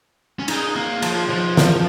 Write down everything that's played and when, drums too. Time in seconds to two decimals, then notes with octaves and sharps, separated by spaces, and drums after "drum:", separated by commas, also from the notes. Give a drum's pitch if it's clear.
0.39 C#4
0.48 D#4, drum: cymbal
0.76 A#3
1.02 F3, drum: cymbal
1.30 F3
1.57 drum: snare